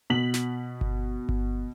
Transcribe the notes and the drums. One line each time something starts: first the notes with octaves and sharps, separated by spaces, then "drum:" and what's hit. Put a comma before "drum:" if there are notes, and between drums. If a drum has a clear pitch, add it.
B2 B6 F#7
drum: snare
drum: kick G1
drum: kick G1